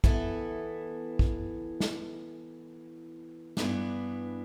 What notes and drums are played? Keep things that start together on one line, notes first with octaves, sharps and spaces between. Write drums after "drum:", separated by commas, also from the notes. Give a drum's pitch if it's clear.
E3 B3 E4 A4, drum: kick
drum: kick
drum: snare
G2 E3 B3 D4, drum: snare